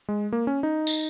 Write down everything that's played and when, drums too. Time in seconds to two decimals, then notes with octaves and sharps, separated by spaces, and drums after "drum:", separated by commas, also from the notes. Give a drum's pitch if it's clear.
0.08 G#3
0.32 A#3
0.47 C#4
0.63 D#4
0.87 drum: tambourine